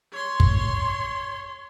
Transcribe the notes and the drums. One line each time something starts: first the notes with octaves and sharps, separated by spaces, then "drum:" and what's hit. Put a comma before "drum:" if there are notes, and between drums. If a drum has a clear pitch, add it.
C#5 C6
drum: kick